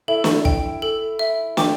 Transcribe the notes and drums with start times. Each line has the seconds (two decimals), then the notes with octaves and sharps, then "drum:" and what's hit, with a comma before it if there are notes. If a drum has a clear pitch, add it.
0.08 E4 A4 E5
0.24 drum: snare
0.45 G5, drum: kick
0.82 A4
1.19 E5
1.57 G4 G5 D6, drum: snare